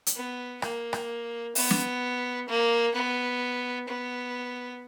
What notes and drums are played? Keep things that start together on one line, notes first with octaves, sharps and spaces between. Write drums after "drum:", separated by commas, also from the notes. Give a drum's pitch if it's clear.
drum: hi-hat
B3
A#3, drum: rim click
drum: rim click
B3, drum: open hi-hat
drum: snare
A#3
B3
B3